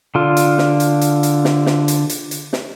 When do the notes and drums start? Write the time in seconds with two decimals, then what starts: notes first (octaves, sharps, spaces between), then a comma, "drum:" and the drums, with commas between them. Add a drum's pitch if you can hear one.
0.15 D3 F4
0.37 drum: hi-hat
0.58 drum: snare
0.80 drum: hi-hat
1.01 drum: hi-hat
1.23 drum: hi-hat
1.45 drum: snare
1.66 drum: snare
1.88 drum: hi-hat
2.10 drum: hi-hat
2.31 drum: hi-hat
2.53 drum: snare